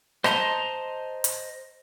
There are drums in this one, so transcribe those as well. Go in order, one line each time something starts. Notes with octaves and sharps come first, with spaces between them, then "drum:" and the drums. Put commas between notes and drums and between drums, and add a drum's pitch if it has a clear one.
C5 D#5 A5 A#5 C6, drum: rim click
drum: hi-hat